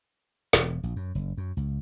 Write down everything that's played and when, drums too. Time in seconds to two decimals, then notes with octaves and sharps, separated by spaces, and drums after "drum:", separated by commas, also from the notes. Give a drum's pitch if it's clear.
0.53 E1, drum: snare
0.83 A#1
0.96 F#2
1.15 F#1
1.37 F#2
1.57 C#2